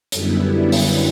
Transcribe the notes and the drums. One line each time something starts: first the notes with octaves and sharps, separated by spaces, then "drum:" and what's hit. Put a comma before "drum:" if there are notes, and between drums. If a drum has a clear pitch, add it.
F#2 D3 G3 B3 E4, drum: hi-hat
drum: open hi-hat